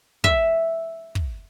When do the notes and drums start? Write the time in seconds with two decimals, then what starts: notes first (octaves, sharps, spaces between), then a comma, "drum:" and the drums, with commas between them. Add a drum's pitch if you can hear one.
0.24 E5, drum: kick
1.15 drum: kick